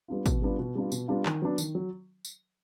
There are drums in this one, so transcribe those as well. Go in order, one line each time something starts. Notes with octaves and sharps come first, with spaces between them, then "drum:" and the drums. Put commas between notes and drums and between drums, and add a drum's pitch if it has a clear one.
G3 B3 D4 F4
B2, drum: kick, tambourine
G3 B3 D4 F4
B2
G3 B3 D4 F4
B2, drum: tambourine
G3 B3 D4 F4
D#3, drum: clap
F#3 B3 D4
D#3, drum: tambourine
F#3
drum: tambourine